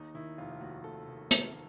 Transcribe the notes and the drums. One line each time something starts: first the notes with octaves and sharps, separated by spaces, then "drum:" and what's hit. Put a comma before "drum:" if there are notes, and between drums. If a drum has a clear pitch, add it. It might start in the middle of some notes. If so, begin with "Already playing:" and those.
Already playing: D#2 D#4
D#3 E4
F1 F4
F4
D#2 F#4
F1 A4
D#3
D#3 A#4, drum: hi-hat